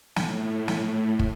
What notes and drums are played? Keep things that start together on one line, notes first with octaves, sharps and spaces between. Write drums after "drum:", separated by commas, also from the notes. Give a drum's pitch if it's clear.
A2, drum: snare
drum: snare
drum: kick